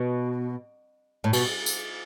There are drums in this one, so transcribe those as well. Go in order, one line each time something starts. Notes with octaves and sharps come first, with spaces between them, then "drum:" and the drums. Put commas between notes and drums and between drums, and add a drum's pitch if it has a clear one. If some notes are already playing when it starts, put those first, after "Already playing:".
Already playing: B2
A2
B2, drum: cymbal
drum: tambourine